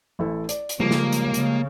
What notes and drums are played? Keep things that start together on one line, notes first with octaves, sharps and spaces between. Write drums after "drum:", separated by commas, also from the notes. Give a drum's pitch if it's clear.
A1 E4 A4
D5, drum: hi-hat
drum: hi-hat
C#3 F3 G3 G#3 A#3 C#5
drum: snare
drum: hi-hat
C#3, drum: hi-hat